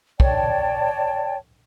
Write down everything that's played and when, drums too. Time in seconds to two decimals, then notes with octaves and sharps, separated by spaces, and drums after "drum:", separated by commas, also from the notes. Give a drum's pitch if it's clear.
0.20 C#5 D5 G5 A5, drum: kick